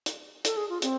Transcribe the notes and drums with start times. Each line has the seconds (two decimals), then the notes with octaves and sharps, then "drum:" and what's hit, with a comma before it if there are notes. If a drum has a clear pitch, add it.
0.06 drum: hi-hat
0.45 A4, drum: hi-hat
0.57 G#4
0.69 F4
0.82 C4, drum: hi-hat